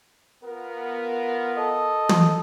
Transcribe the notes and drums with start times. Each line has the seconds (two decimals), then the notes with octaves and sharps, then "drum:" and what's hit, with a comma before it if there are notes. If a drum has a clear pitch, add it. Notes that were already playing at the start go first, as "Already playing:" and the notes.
0.44 B3 F4 A#4
1.57 A4 D#5
2.09 drum: tom